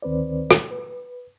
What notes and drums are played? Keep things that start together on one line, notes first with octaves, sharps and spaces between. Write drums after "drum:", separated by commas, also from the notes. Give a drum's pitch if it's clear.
D2 D#3 C4 B4 C5 D5
drum: rim click
B4